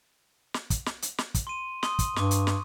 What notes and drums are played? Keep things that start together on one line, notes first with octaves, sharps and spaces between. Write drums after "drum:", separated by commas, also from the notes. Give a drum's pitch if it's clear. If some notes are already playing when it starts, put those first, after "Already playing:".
drum: snare
drum: kick, hi-hat
drum: snare
drum: hi-hat
drum: snare
drum: kick, hi-hat
C6 D#7
C6 D#6, drum: snare
drum: kick, hi-hat
G2 C#6 D6, drum: snare
drum: hi-hat
drum: snare